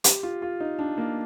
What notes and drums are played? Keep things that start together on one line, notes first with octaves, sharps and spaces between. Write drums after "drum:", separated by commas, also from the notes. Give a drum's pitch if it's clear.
G4, drum: hi-hat
F4
F4
D#4
D4
A#3